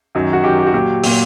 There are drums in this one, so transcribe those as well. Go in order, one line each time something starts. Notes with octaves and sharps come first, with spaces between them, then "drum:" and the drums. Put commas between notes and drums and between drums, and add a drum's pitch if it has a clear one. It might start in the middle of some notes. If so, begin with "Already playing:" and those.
F#2 D#3 F#3
F#4
F#2 D#3 F#3 G4
G4
F#4
A#2 F#3 G4
A#2 F#3, drum: open hi-hat